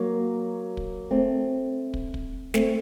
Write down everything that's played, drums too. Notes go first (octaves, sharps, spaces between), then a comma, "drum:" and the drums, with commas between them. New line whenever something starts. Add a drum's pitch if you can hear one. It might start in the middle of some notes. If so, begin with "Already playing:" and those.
Already playing: F#3 A#3
drum: kick
A3 C4
drum: kick
drum: kick
A3 C4, drum: snare